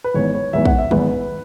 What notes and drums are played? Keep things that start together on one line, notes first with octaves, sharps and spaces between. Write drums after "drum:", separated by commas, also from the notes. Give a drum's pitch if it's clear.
B4
G#1 G#2 E3 B3 C#5
C#5
G#1 G#2 E3 B3 E5
F#5, drum: kick
E5
G#1 G#2 E3 B3 B4, drum: tom